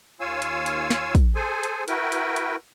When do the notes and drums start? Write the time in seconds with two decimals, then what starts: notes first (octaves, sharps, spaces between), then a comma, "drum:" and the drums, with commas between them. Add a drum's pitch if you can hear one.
0.20 D#2 F4 C#5 F5 G#5 E6
0.42 drum: hi-hat
0.66 drum: hi-hat
0.90 drum: snare
1.15 drum: kick, hi-hat
1.35 G#4 A4 C5 G#5
1.63 drum: hi-hat
1.88 E4 F#4 A#4 B4 G5, drum: hi-hat
2.12 drum: hi-hat
2.36 drum: hi-hat